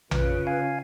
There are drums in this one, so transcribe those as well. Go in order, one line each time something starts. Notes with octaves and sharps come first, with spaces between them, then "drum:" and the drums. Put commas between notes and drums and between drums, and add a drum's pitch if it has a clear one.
C#3 F4 B4, drum: tom A#1
F5 G#5